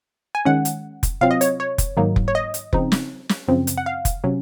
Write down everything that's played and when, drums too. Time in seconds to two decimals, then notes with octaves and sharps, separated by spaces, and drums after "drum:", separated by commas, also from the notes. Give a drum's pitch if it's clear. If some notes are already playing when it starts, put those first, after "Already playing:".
0.35 G#5
0.45 D#3 G#3 C#4 F#5
0.65 drum: hi-hat
1.03 drum: kick F1, hi-hat
1.21 C3 F#3 C4 F4 F5
1.31 D#5
1.41 C#5, drum: hi-hat
1.60 C#5
1.78 drum: kick F1, hi-hat
1.97 G#2 D#3 F#3 A#3 D#4
2.16 drum: kick F1
2.28 C#5
2.35 D#5
2.54 drum: hi-hat
2.73 C#3 F3 C4 D#4, drum: kick F1
2.92 drum: snare
3.29 drum: snare
3.48 F#2 C#3 F3 C4
3.67 drum: hi-hat
3.77 F#5
3.86 F5
4.05 drum: kick F1, hi-hat
4.24 C3 F#3 C#4